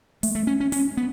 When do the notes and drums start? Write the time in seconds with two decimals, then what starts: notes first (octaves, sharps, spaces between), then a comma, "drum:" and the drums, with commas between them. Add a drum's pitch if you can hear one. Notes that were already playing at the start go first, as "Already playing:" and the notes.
0.23 A3, drum: open hi-hat
0.35 A3
0.47 C#4
0.60 C#4
0.72 C#4, drum: open hi-hat
0.97 B3